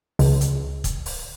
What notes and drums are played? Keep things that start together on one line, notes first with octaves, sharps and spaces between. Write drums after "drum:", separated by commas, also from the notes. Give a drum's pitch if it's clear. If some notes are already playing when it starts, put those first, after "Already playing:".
C#2, drum: open hi-hat
drum: hi-hat
drum: kick, hi-hat
drum: open hi-hat